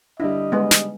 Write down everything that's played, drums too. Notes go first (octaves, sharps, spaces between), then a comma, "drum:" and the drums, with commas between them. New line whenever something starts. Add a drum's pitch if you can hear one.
D3 G3 E4 D#5
G#3 B3
drum: snare